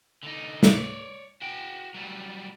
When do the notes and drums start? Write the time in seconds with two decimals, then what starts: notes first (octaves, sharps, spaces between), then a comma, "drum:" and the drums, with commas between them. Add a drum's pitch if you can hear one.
0.23 D3 D#4
0.63 C#5 D5, drum: snare
1.42 F#4 G5
1.94 F#3 G3